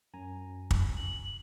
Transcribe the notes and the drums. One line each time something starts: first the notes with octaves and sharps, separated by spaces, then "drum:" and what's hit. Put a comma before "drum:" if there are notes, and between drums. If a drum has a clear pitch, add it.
F#2 G#5 A#5
drum: kick
F#7